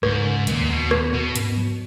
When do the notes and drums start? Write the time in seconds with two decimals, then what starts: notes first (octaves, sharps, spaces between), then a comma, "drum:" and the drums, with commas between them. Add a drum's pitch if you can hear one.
0.03 C#2 G#2, drum: rim click
0.24 C#3
0.47 D#2 A#2, drum: hi-hat
0.69 D#2 B2
0.91 B3, drum: rim click
1.13 B2 B3
1.36 G#2, drum: hi-hat
1.57 F#3